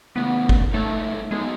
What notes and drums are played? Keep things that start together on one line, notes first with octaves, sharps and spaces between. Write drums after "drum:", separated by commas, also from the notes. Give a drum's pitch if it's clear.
C#3 E3 A3 B3
drum: kick
G#3 A3 D#4 A4 C#5
F#3 G#3 B3 D#4